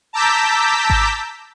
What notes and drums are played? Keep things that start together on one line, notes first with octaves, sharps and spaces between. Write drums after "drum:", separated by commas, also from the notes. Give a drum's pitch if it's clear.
A5 A#5 D6 E6 G6 B6
drum: kick G#1